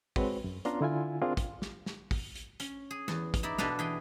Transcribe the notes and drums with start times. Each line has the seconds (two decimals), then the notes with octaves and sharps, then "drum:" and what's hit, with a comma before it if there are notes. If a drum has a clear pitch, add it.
0.16 G#3 C4 F#4 B4 C#5, drum: kick, open hi-hat
0.44 F#2
0.65 B3 C#4 D4 F4 A#5 C6, drum: hi-hat
0.81 D3 E4 F4 G#5
1.22 C4 D4 F4 G#4 A#4
1.37 drum: kick, hi-hat
1.62 drum: snare
1.86 drum: snare
2.11 drum: kick, open hi-hat
2.36 drum: hi-hat
2.60 C#4, drum: hi-hat
2.91 G#4
3.08 E2, drum: snare
3.34 drum: kick, hi-hat
3.43 D#4 E4 D5
3.58 B2 D4 A4 B4 F5, drum: snare
3.79 E3 G#4 G5